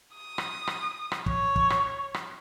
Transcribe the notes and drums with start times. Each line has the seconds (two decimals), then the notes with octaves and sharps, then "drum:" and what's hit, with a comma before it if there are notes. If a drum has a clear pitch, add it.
0.16 D#6
0.38 drum: rim click
0.67 drum: rim click
1.12 drum: rim click
1.26 C#5, drum: kick
1.56 drum: kick
1.70 drum: rim click
2.14 drum: rim click